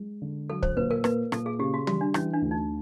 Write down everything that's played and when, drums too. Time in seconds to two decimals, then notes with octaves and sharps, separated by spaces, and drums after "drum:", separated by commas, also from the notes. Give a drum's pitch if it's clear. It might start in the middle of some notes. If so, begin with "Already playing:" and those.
Already playing: G#3
0.22 D3
0.49 F#3 A4
0.63 C5, drum: kick
0.77 A#2 B4
0.91 A#4
1.04 A#3 B4, drum: rim click
1.32 A#2 A4, drum: rim click
1.46 G#4
1.59 C#3 G4
1.74 F#4
1.87 G3 F#4, drum: tom
2.01 D4
2.14 E3 C#4, drum: rim click
2.34 D4
2.42 D2
2.51 D#4